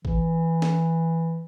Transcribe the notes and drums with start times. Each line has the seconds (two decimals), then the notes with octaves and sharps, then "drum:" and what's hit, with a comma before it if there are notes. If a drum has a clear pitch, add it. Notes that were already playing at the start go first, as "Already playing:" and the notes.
0.05 E3, drum: kick
0.62 drum: snare